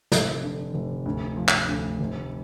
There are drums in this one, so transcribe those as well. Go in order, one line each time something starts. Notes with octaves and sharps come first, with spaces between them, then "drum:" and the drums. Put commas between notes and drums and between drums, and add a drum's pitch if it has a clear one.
F1, drum: snare
D3
F1
D2
F3
drum: clap
D2
F1